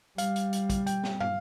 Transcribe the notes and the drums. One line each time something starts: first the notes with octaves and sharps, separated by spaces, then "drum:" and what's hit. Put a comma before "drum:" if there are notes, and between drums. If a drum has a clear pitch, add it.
G3 F5, drum: hi-hat
drum: hi-hat
drum: hi-hat
drum: kick, hi-hat
G5, drum: hi-hat
drum: snare
F5, drum: tom